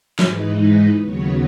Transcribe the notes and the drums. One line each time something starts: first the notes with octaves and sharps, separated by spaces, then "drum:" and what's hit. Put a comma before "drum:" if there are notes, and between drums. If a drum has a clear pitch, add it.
G#2 E3 G#3 D#4 B4, drum: snare
B4
D#2 C#3 F#3 B3 C#5